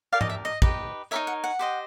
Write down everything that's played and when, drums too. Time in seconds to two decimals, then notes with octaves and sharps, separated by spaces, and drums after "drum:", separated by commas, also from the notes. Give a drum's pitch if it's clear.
0.12 G4 A#4 D5 F5
0.21 D#5, drum: tom G#2
0.30 E5
0.45 D#5
0.62 D#4 G4 B4 D#5, drum: kick
1.11 D#4 G4 A#4 C#5 E5
1.27 F#5
1.44 F#5
1.59 G4 C5 D#5